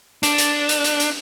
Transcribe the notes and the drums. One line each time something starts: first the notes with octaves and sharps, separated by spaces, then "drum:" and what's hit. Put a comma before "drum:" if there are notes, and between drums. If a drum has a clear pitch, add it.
D4, drum: hi-hat
drum: hi-hat
drum: hi-hat
drum: hi-hat
drum: hi-hat